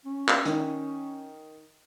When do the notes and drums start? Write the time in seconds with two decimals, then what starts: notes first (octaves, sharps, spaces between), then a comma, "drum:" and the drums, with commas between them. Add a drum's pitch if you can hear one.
0.06 C#4
0.28 drum: clap
0.45 D#3, drum: hi-hat